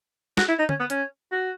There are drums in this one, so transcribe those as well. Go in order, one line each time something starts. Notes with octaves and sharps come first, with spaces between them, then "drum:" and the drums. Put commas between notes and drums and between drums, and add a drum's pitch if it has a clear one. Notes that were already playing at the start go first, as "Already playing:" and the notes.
F#4, drum: snare
E4
D#4
C#4, drum: tom D3
B3
C#4, drum: hi-hat
F#4